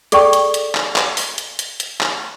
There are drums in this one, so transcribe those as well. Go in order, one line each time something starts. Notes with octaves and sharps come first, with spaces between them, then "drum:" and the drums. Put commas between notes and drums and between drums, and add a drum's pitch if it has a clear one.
G#4 A4 D5 G5 C#6, drum: hi-hat
drum: hi-hat
drum: hi-hat
drum: clap
drum: clap
drum: open hi-hat
drum: hi-hat
drum: hi-hat
drum: hi-hat
drum: clap